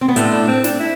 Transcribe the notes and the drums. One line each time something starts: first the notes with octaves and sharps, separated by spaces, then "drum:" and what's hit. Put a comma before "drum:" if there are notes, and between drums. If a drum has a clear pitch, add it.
C4
B3
A2 A3 D4, drum: hi-hat
D4
C4
D4, drum: snare
E4